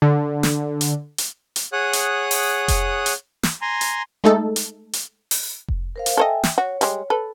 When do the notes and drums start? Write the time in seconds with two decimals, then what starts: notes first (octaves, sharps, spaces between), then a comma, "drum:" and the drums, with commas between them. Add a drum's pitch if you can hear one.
0.02 D3
0.43 drum: snare
0.81 drum: hi-hat
1.18 drum: hi-hat
1.56 drum: hi-hat
1.73 G#4 C#5 F#5 D#6 F#6
1.93 drum: hi-hat
2.31 drum: open hi-hat
2.68 drum: kick F1, hi-hat
3.06 drum: hi-hat
3.43 drum: snare
3.61 G#5 A#5 C6
3.81 drum: hi-hat
4.24 G#3 A3 D#4 A4
4.56 drum: hi-hat
4.93 drum: hi-hat
5.31 drum: open hi-hat
5.68 drum: kick F1
5.96 A#4 C5 F5
6.06 drum: hi-hat
6.17 A4 C5 D#5 E5 G5 G#5
6.43 drum: snare
6.58 F#4 C#5
6.81 G3 G#3, drum: hi-hat
7.10 A4 B4